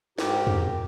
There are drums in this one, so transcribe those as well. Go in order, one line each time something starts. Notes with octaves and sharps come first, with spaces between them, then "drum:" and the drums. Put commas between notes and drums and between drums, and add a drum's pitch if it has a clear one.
G#2 F#4 G4 A#4, drum: snare
drum: tom E2